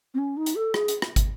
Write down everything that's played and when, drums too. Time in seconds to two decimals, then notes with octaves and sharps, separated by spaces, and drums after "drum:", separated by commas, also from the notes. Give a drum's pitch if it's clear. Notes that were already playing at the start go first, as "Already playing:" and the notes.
0.14 C4
0.18 C#4
0.37 D#4
0.46 drum: hi-hat
0.55 A4
0.74 G#4, drum: rim click
0.88 drum: hi-hat
1.02 drum: rim click
1.16 drum: kick, hi-hat